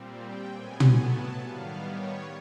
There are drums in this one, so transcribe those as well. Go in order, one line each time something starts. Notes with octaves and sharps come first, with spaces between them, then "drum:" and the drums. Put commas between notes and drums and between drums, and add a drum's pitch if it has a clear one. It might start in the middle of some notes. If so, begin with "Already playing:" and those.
Already playing: A#2 G3 C4
G5
A2 F#3 B3 G#5
drum: tom
A5
D#3 G3 B3 F5
C#5